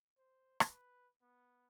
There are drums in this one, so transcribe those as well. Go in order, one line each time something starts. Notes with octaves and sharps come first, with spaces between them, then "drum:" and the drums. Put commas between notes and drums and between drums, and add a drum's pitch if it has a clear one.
C5
B4, drum: rim click
B3